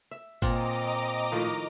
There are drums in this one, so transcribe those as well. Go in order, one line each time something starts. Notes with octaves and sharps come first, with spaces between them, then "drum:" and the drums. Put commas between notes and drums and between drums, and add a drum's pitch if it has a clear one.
E5
A#2 C4 F4 D#5 A#5 D6, drum: kick G1
A2 D#3 F3